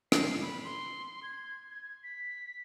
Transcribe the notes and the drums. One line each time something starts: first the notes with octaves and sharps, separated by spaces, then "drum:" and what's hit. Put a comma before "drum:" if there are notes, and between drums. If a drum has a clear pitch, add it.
C7, drum: rim click
B5
C6
G#6
G#6
B6